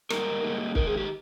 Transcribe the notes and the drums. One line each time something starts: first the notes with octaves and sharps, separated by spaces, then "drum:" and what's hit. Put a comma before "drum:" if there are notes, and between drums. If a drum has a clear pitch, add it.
G#2 G3 A#3 D#4 A#4, drum: rim click
G#2 G3 A#3 D#4
D#3 G#3 D#4 A#4, drum: kick
G#4
G4